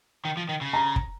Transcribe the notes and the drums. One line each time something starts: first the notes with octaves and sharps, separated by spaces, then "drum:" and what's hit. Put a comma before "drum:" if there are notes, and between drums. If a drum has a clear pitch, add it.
D#3
F3
D#3
C#3
A#5
drum: kick